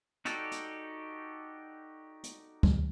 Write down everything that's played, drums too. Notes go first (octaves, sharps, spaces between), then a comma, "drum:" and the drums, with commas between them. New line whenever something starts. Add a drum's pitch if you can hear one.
D#4 F#4 G4 A4 D5, drum: hi-hat
drum: hi-hat
drum: hi-hat
drum: kick D2